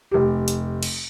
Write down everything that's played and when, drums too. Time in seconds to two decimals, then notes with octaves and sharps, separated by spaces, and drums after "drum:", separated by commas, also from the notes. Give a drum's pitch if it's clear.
0.11 F1 G4
0.48 drum: hi-hat
0.83 drum: cymbal